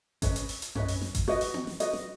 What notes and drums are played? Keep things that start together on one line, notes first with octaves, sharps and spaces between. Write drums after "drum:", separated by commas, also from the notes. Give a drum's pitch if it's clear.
C#4 B4 D#5, drum: kick G#1, hi-hat
drum: hi-hat
drum: open hi-hat
drum: hi-hat
C#4 B4 D#5, drum: tom F#2
drum: open hi-hat
drum: snare
drum: kick G#1, hi-hat
F#4 B4 D#5, drum: snare
drum: open hi-hat
drum: tom B3
drum: snare
F#4 B4 D#5, drum: hi-hat
drum: snare